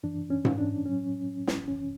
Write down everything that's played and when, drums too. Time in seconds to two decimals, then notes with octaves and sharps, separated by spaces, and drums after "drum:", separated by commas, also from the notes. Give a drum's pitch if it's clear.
0.03 F#2 E3 D4
0.30 C#4
0.45 drum: tom G#2
0.58 D4
0.86 A2 F#3 C#4
1.47 drum: snare
1.68 F#2 E3 C#4